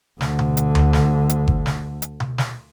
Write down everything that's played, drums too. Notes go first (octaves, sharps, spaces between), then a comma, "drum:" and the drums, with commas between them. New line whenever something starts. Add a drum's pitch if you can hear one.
D2 D3, drum: snare
drum: tom B2
drum: hi-hat
drum: tom D2
drum: snare
drum: hi-hat
drum: kick G1
drum: snare
drum: hi-hat
drum: tom B2
drum: snare